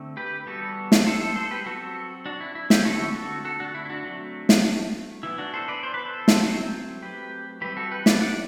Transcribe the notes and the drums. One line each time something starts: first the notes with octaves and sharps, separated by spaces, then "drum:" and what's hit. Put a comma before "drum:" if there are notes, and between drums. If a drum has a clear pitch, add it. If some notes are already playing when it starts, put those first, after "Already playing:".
Already playing: D3 A3 C4
G4 B4
E3 G3 B3 F#4 A4
drum: snare
A4 C5
A4 C5
A4 C5
G4 B4
F#3 C4 F#4 A4
D4 F#4
E4
E4
E4 G4, drum: snare
D3 A3 C4 F#4 A4
F#4 A4
F#4 A4
D4 F#4
E4
E4
D4 F#4
F#3 A3 C4
drum: snare
E3 B3 E4
D4 F#4
A4 C5
B4 D5
C5
B4
A4 C5
drum: snare
F#3 A3 C4
G4 B4
E3 G3 C4 G4 B4
F#4 A4
G4 B4
B4 D5, drum: snare
D5 F#5